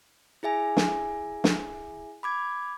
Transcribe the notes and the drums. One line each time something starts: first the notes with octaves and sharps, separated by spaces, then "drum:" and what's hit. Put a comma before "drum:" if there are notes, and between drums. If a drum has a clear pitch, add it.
E4 G#4 E5 G#5
drum: snare
drum: snare
B5 D6 G#6